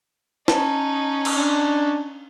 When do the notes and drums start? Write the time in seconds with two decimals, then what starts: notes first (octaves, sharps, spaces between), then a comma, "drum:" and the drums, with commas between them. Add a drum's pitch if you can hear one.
0.48 C#4 D#4 A5, drum: snare
1.25 drum: cymbal
1.37 D4